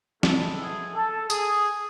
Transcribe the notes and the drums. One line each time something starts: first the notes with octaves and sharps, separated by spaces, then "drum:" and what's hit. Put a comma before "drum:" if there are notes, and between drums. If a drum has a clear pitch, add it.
A2 E3 G#3 B3 A4, drum: snare
G#4
A4
G#4, drum: tambourine